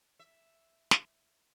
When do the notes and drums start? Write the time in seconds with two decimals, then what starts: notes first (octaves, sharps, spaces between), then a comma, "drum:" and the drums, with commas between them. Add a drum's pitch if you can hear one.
0.19 E5
0.91 drum: snare